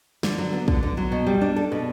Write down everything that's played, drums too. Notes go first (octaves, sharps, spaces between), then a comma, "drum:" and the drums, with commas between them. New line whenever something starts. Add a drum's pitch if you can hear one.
D3, drum: snare
F#3
B3
D3, drum: kick
D3
F#3
B2
G3
D4
A4
B2